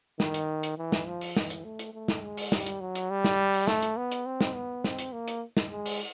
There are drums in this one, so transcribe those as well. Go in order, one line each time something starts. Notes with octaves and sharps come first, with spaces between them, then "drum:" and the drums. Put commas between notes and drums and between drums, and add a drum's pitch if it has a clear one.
D#3, drum: snare
drum: hi-hat
drum: hi-hat
E3
drum: snare
F3
drum: open hi-hat
E3, drum: snare
drum: hi-hat
A3
drum: hi-hat
A3
drum: snare
G#3
drum: open hi-hat
G3, drum: snare
drum: hi-hat
F#3
drum: hi-hat
G3
drum: snare
drum: open hi-hat
A3, drum: snare
drum: hi-hat
B3
drum: hi-hat
C4
drum: snare
B3
C4, drum: snare
drum: hi-hat
A#3
drum: hi-hat
drum: snare
G#3
drum: open hi-hat